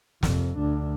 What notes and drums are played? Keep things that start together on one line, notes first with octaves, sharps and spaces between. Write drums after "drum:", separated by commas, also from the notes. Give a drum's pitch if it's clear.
F2 C3, drum: snare
D2 D4